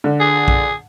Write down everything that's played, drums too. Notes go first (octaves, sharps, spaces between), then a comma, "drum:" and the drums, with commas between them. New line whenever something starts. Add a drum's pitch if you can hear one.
D3
G#4
drum: kick A#1